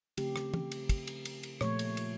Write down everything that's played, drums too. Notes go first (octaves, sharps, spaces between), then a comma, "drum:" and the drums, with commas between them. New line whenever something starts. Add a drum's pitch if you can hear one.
C#3 F3 A3 C4 G4, drum: cymbal
drum: rim click
drum: tom
drum: cymbal
drum: kick, cymbal
drum: cymbal
drum: cymbal
drum: cymbal
A#2 F3 A3 C#5, drum: rim click
drum: cymbal
drum: cymbal